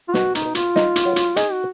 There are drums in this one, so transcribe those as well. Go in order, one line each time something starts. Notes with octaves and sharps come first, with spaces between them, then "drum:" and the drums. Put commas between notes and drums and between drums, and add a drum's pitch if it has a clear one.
F4
B2 F#4, drum: snare
D#4, drum: hi-hat
B2
F4, drum: hi-hat
D#4, drum: snare
drum: hi-hat
F#3
drum: hi-hat
D#4 G#4, drum: hi-hat
F#4